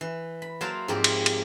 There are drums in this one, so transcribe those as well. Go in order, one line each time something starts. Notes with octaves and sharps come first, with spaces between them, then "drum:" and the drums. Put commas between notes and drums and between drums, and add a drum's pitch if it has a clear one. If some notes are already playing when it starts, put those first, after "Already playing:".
E3
B5
F#3 A#3 C5 F5 A5
G#2 F3 A#3 C4 G4
drum: cymbal
drum: cymbal